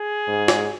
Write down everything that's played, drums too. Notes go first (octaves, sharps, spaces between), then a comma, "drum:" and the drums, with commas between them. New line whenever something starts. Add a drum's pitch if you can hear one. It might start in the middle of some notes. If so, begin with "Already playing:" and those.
Already playing: G#4
G#2
drum: snare